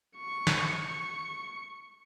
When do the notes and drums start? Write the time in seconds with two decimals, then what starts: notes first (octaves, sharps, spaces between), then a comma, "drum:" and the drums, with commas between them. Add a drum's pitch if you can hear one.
0.17 C#6
0.47 drum: snare
0.86 C#6